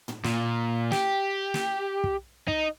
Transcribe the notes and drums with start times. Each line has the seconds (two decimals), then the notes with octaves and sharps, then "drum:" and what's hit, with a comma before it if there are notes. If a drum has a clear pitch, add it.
0.08 drum: tom
0.24 A#2, drum: snare
0.92 G4, drum: snare
1.54 drum: snare
2.04 drum: kick
2.48 D#4, drum: kick